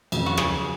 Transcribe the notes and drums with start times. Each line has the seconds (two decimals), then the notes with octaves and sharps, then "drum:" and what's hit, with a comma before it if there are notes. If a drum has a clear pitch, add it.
0.12 F2 C#3 F#3, drum: cymbal
0.26 F#4
0.37 G#4, drum: rim click